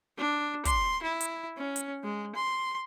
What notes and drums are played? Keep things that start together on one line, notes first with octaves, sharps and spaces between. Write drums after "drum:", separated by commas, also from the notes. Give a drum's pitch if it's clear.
D4
C6, drum: kick, hi-hat
E4
drum: hi-hat
C#4
drum: hi-hat
G#3
C6